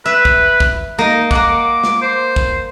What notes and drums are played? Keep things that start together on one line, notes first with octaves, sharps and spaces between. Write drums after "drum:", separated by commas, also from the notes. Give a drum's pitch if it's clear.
B4 E5
drum: kick
drum: kick
A#3 D#4 D#5
A#3 F#5 D6, drum: kick
drum: snare
C5
drum: kick